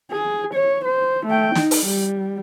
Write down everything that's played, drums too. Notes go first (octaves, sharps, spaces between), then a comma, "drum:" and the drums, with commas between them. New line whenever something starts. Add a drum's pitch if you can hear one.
G#4
C#5
C5
A3 G5
D#4, drum: snare
drum: open hi-hat
G3